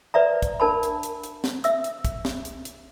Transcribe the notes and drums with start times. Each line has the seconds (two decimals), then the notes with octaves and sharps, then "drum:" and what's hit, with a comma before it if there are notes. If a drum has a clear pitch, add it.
0.14 B4 D5 E5 A#5
0.42 drum: kick, hi-hat
0.60 D4 A#4 A5 B5
0.83 drum: hi-hat
1.03 drum: hi-hat
1.24 drum: hi-hat
1.44 drum: snare
1.64 E5 E6, drum: hi-hat
1.84 drum: hi-hat
2.05 drum: kick, hi-hat
2.25 drum: snare
2.45 drum: hi-hat
2.65 drum: hi-hat